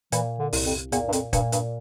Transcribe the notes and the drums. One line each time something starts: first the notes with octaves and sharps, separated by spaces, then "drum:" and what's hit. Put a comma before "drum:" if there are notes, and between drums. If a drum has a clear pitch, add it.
A#2 E3, drum: hi-hat
D3
C2, drum: open hi-hat
F2
E2 A#2, drum: hi-hat
G2
F2, drum: hi-hat
G2 A#2, drum: kick, hi-hat
G2, drum: hi-hat